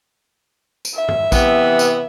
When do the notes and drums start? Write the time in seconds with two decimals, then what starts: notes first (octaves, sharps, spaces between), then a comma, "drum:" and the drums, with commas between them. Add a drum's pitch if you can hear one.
0.85 drum: tambourine
0.95 E5
1.08 drum: tom
1.32 C3 E3 B3, drum: kick A#1, tambourine
1.79 drum: tambourine